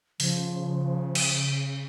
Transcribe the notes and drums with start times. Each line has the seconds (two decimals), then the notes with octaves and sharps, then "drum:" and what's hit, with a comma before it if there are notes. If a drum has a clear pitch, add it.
0.20 C#3 F3, drum: open hi-hat
1.15 drum: cymbal